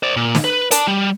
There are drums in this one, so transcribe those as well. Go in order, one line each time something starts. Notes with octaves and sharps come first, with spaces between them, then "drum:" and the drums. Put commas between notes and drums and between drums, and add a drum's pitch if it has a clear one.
C5 D5
A#2
drum: snare
B4
D5 A5, drum: hi-hat
G3